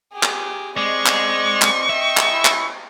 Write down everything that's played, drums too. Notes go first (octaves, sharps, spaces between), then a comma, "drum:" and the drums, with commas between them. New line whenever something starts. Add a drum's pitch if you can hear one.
G4 G#4
drum: clap
G#3 C4 D5 D#5 C#6
drum: clap
drum: clap
D#5 E5 G5
drum: clap
E4
drum: clap